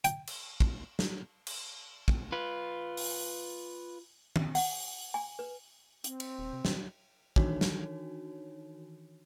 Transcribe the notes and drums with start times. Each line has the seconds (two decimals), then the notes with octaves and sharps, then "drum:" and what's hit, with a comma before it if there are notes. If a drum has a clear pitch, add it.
0.04 G5, drum: hi-hat
0.27 drum: cymbal
0.60 drum: kick
0.99 drum: snare
1.47 drum: cymbal
2.08 drum: kick
2.32 F4 B4
2.97 drum: open hi-hat
4.36 drum: tom
4.55 F#5, drum: open hi-hat
5.14 G#5
5.39 B4
6.04 C4, drum: hi-hat
6.20 drum: cymbal
6.39 D#1
6.53 C3
6.65 D#3, drum: snare
7.36 D#3 E3 D4 D#4 F#4 C#5, drum: kick
7.61 drum: snare